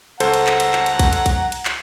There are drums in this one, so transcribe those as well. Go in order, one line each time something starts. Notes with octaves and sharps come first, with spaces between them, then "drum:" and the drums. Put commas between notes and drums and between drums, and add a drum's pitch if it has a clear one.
C#2 A4 C5 F#5 A#5, drum: cymbal
drum: cymbal
drum: clap
drum: cymbal
drum: clap
drum: cymbal
drum: kick B1, cymbal
drum: cymbal
drum: kick B1, cymbal
drum: cymbal
drum: clap